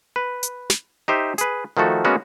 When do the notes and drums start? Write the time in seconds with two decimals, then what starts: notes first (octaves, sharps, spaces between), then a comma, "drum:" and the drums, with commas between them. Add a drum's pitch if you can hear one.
0.16 B4
0.43 drum: hi-hat
0.70 drum: snare
1.08 D#4 G4 C5 E5
1.38 G#4 B4, drum: hi-hat
1.77 D#3 F3 A3 F#4 A4
2.05 G#3 A#3 B3 C#4 F#4